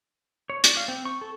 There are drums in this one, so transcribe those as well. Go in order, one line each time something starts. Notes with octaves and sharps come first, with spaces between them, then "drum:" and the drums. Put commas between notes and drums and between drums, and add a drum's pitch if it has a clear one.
C#5
D5, drum: hi-hat
F5
C4
C#6
A4